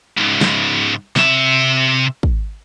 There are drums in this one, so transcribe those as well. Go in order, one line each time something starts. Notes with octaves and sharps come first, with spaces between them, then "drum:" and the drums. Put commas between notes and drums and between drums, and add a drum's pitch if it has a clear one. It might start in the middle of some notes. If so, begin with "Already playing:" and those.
C#2 G#2
drum: snare
C3 E5, drum: snare
drum: kick